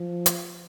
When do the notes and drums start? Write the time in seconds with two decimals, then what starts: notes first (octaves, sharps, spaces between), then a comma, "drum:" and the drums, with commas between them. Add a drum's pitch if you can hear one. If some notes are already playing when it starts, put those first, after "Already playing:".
Already playing: F3
0.26 drum: hi-hat